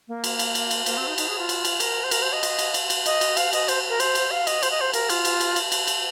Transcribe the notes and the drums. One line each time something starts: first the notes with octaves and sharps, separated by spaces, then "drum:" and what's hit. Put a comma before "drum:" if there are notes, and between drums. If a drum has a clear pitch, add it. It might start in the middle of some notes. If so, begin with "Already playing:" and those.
A#3
drum: cymbal
drum: cymbal
drum: cymbal
drum: cymbal
A#3, drum: cymbal
C4
D#4
D#4, drum: cymbal
G#4
F4
drum: cymbal
drum: cymbal
A#4, drum: cymbal
C5
A#4, drum: cymbal
C5
D#5
drum: cymbal
drum: cymbal
drum: cymbal
drum: cymbal
D#5, drum: cymbal
drum: cymbal
F5, drum: cymbal
D#5, drum: cymbal
C5, drum: cymbal
A#4
C5, drum: cymbal
drum: cymbal
F5
D#5, drum: cymbal
C5, drum: cymbal
D#5
C5
A#4, drum: cymbal
F4, drum: cymbal
drum: cymbal
drum: cymbal
drum: cymbal
drum: cymbal
drum: cymbal